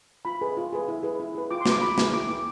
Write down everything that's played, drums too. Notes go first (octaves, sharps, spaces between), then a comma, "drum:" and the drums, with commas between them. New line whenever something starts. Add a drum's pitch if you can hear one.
F4 B5
G#4 B4
F4
G#4 B4
E4
G#4 B4
E4
G#4 B4
F4 D6
C6
B4, drum: snare
G#4 D6
F4 B5
G#4 B4, drum: snare
E4 D6
G#4 B4 D6